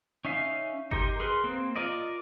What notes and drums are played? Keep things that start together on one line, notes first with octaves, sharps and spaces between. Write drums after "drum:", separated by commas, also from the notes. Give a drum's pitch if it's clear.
C#4 D#4 E5 F5
D#4 G4 A#4 C6, drum: kick G1
G#4 A#4 B4 C6
A#3 C4
F4 A#4 D5 D#5